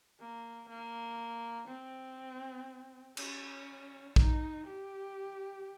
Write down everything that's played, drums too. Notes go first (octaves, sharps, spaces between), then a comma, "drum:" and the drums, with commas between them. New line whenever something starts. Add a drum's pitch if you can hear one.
A#3
A#3
C4
C#4, drum: cymbal
D#4, drum: kick
G4